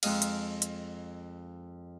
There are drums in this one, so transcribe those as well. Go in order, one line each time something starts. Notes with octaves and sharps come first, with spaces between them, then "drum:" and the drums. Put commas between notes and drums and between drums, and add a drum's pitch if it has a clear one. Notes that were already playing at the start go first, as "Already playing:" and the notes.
F2 G#3 D#5 F5, drum: cymbal
drum: hi-hat
drum: hi-hat